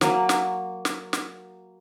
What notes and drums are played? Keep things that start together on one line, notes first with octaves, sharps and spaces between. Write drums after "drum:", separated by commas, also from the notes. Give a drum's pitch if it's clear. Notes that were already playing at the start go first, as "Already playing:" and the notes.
F#3 A#3, drum: snare
drum: snare
drum: snare
drum: snare